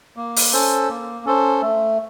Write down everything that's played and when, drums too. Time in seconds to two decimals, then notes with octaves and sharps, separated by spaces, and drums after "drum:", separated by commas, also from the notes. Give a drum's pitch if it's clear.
0.17 A#3
0.36 drum: open hi-hat
0.53 C#4 A4 C5
0.89 A#3
1.25 C#4 A4 C5
1.62 A3